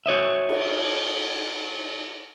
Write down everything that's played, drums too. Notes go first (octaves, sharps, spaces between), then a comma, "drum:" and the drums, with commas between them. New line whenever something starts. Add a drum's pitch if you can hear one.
F#4 C#5 D#5 E5
drum: cymbal